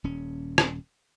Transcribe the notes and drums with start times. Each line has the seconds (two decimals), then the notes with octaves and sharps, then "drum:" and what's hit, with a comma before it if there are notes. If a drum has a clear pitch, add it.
0.04 D#1 C#4
0.58 drum: rim click